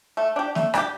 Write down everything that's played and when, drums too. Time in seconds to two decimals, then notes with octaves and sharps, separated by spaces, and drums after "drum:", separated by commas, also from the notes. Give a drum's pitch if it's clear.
0.17 A3
0.36 D4 G4
0.55 A3, drum: snare
0.74 D4 G4, drum: rim click